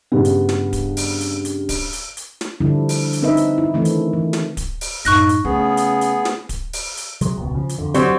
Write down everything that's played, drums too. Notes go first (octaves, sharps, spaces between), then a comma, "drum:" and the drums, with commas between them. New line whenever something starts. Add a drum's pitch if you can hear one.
G2 C#3 G3 B3
drum: hi-hat
drum: snare
drum: kick D1, hi-hat
drum: open hi-hat
drum: hi-hat
drum: hi-hat
drum: kick D1, open hi-hat
drum: hi-hat
drum: hi-hat
drum: snare
D3 F3 G3 D4 E4
drum: open hi-hat
drum: hi-hat
C4 C#4 D#4 B4 D#5 E5
drum: hi-hat
E4
D#3 E3 A3 C4 D4 E4
drum: hi-hat
E3
drum: snare
drum: kick D1, hi-hat
drum: open hi-hat
F#2 A2 D#4 C#6 F#6 A#6, drum: hi-hat
drum: hi-hat
C#3 A3 B3 G#4
drum: hi-hat
drum: hi-hat
drum: snare
drum: kick D1, hi-hat
drum: open hi-hat
drum: hi-hat
C3 F#3 G#3, drum: hi-hat
D#1 C#2 B2
C#3 F3
drum: hi-hat
F2 D3
F#3 G3 C4, drum: hi-hat